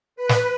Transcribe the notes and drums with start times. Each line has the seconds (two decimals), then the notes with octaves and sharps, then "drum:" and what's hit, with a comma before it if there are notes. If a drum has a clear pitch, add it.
0.16 B4
0.29 drum: snare